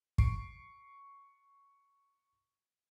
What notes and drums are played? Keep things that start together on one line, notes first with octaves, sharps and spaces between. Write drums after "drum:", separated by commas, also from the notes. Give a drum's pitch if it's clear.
C#6 C7 D7, drum: kick